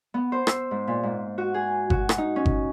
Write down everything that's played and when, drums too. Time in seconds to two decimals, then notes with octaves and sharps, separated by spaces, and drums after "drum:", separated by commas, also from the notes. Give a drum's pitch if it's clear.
0.14 B3
0.32 C5
0.47 E6, drum: rim click
0.71 G#2
0.87 A#2
1.03 G#2
1.38 F#4
1.54 G#4
1.90 F#4, drum: kick G1
2.09 drum: rim click
2.18 D#4
2.36 C#4
2.46 drum: kick G1